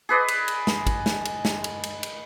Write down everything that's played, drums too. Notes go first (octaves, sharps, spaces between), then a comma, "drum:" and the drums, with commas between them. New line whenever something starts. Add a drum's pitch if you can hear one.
G#4 B4 D5 D#5
drum: cymbal
drum: cymbal
drum: snare
drum: kick, cymbal
drum: snare
drum: cymbal
drum: snare
drum: cymbal
drum: cymbal
drum: cymbal